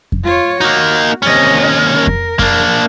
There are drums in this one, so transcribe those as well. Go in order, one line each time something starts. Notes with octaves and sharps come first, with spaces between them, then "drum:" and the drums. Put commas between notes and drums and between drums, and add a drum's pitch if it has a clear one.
drum: kick F2
F4 C#5
A#3 D#4 F#4
D#2 C3 C#4 D#5
A#4
drum: kick F2
A#3 D4, drum: kick F2